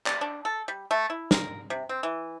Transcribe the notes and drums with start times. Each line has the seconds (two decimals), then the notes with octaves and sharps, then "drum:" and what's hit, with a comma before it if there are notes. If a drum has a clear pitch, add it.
0.06 D5, drum: clap
0.21 D4
0.45 A4
0.68 G3
0.91 A3
1.10 E4
1.31 A#4, drum: snare
1.70 C3
1.89 C4
2.03 E3